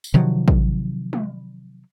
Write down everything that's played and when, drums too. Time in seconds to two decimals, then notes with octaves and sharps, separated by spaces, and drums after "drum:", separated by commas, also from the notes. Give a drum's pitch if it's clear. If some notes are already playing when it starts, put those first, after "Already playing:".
0.04 drum: tambourine
0.14 C3 D#3 F3 F#3
0.48 drum: kick
1.13 drum: tom